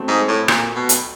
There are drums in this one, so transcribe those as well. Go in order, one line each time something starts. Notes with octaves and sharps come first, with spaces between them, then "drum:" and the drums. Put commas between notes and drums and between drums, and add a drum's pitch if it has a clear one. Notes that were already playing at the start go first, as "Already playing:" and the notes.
Already playing: F#3 A3 C4
G#2
A2
A#2, drum: rim click
B2
drum: hi-hat